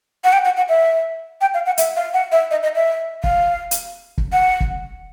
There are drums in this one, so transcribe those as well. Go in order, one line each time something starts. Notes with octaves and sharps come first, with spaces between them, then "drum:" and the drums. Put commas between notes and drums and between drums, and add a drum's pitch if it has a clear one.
F#5
G5
F#5
F#5
E5
G5
F5
F#5
E5, drum: hi-hat
F5
F#5
E5
D#5
D#5
E5
F5, drum: kick
drum: hi-hat
drum: kick
F#5
drum: kick